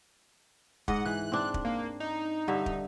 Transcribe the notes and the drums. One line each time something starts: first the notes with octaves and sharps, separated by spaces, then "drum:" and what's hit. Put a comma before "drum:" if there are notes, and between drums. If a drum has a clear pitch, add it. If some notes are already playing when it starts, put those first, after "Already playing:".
G#2 D#5 F#5, drum: kick
E3 F#6
C4 D4
drum: kick
A#3
D#4
G2 D3 E5
drum: kick